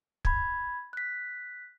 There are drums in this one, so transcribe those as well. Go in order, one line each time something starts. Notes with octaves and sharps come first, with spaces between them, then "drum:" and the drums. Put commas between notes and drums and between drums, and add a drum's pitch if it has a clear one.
B5 G#6, drum: kick
F#6 B6